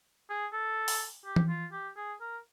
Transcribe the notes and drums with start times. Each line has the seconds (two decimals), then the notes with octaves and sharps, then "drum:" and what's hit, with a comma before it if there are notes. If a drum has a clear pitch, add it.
0.30 G#4
0.53 A4
0.88 drum: open hi-hat
1.25 G4
1.36 drum: tom E3
1.49 F4
1.72 G4
1.96 G#4
2.21 A#4